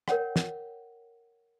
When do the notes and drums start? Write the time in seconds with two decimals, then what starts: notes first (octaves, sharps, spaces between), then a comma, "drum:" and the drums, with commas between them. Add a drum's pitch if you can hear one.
0.08 A#4 C#5 F#5 G5, drum: rim click
0.36 drum: snare